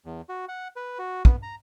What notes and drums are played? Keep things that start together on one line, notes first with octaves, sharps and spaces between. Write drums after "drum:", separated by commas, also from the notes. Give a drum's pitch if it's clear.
E2
F#4
F#5
B4
F#4
B3, drum: kick
A#5